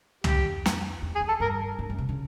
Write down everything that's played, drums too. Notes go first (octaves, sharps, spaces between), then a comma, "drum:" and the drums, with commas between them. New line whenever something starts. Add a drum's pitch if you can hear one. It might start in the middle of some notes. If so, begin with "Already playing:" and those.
F2 G4, drum: tom
drum: snare
E2
G#4
F2
A4
G2 A#4
G2
F#2
C3
C#3